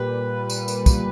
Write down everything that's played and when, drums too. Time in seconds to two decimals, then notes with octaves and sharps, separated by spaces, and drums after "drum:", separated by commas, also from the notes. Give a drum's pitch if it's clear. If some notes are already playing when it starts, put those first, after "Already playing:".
Already playing: A#2 G3 B4
0.50 drum: tambourine
0.68 drum: tambourine
0.86 drum: kick, tambourine